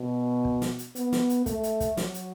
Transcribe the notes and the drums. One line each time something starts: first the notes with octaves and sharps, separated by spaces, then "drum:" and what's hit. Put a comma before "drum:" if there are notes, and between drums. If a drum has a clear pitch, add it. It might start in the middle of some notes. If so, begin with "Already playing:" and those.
Already playing: B2
drum: kick
drum: snare
drum: hi-hat
B3, drum: hi-hat
drum: snare
drum: hi-hat
A3, drum: kick, hi-hat
drum: hi-hat
drum: kick, hi-hat
F#3, drum: snare
drum: hi-hat